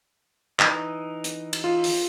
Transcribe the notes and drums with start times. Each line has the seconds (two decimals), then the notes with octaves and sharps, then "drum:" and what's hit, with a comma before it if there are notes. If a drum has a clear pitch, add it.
0.59 E3 D#4, drum: clap
1.24 drum: hi-hat
1.53 drum: cymbal
1.64 F4
1.84 drum: open hi-hat